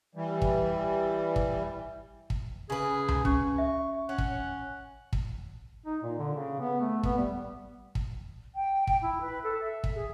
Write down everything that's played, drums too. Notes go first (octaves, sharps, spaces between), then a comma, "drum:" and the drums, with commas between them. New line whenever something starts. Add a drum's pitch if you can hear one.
E3 G3
drum: kick
drum: kick
drum: kick
C#3 G#4 B4
drum: tom C#2
C#4 C#6, drum: kick
E5
C#4 F#5
drum: kick
drum: kick
D#4
A#2
D3
C#3
B3
A3
B3, drum: kick
G3
drum: kick
G5
G5, drum: kick
E4
B4
A4
E5
drum: kick
G#4